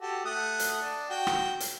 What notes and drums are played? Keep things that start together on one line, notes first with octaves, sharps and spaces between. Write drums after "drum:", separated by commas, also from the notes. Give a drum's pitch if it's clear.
F#4 G4 A4
A3 F#5 D#6
drum: hi-hat
D4
F#4 G5
drum: rim click
drum: hi-hat